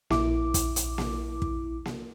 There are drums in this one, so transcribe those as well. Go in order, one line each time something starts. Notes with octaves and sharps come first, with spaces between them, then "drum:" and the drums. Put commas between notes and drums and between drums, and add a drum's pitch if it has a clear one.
A#1 E4 D6, drum: snare A#3
drum: kick, hi-hat
drum: hi-hat
drum: snare A#3
drum: kick
drum: snare A#3